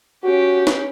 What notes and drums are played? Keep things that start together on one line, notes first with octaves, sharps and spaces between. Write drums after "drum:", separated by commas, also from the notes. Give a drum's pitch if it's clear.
C#4 F#4 G4
drum: snare